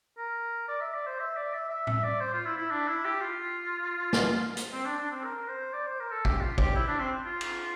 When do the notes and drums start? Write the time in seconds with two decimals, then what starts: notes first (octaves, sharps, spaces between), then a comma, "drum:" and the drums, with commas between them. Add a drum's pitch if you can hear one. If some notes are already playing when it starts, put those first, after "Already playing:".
0.18 A#4
0.68 D5
0.81 E5
0.94 D5
1.07 C5
1.20 E5
1.36 D5
1.53 E5
1.69 E5
1.87 E5, drum: tom A2
2.04 D5
2.21 C5
2.34 F4
2.46 E4
2.58 E4
2.71 D4
2.88 E4
3.05 G4
3.21 F4
4.13 drum: snare
4.57 drum: hi-hat
4.72 C4
4.85 D4
4.98 D4
5.11 C4
5.24 A#4
5.48 C5
5.74 D5
5.87 C5
6.00 A#4
6.11 A4
6.25 G4, drum: kick
6.41 F4
6.58 G4, drum: kick
6.75 E4
6.87 D4
6.99 C4
7.26 F4
7.41 drum: cymbal